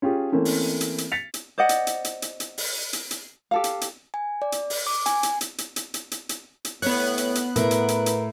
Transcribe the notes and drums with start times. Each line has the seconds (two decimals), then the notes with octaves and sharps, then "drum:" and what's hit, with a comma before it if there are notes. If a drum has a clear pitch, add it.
0.02 C#4 F4 G4 G#4
0.32 E3 A3 A#3 C4 C#4
0.45 drum: open hi-hat
0.81 drum: hi-hat
0.98 drum: hi-hat
1.12 A6 B6 C#7 F7
1.34 drum: hi-hat
1.58 C5 D5 D#5 F#5
1.69 drum: hi-hat
1.87 drum: hi-hat
2.04 drum: hi-hat
2.22 drum: hi-hat
2.40 drum: hi-hat
2.58 drum: open hi-hat
2.93 drum: hi-hat
3.11 drum: hi-hat
3.51 G4 A4 F5
3.64 drum: hi-hat
3.81 drum: hi-hat
4.14 G#5
4.42 D5
4.52 drum: hi-hat
4.70 drum: open hi-hat
4.87 D6
5.06 G#5, drum: hi-hat
5.23 drum: hi-hat
5.41 drum: hi-hat
5.58 drum: hi-hat
5.76 drum: hi-hat
5.94 drum: hi-hat
6.11 drum: hi-hat
6.29 drum: hi-hat
6.65 drum: hi-hat
6.82 A2 B3 C#5 F#6, drum: open hi-hat
7.18 drum: hi-hat
7.35 drum: hi-hat
7.56 A2 A#4 B4, drum: hi-hat
7.71 drum: hi-hat
7.88 drum: hi-hat
8.06 drum: hi-hat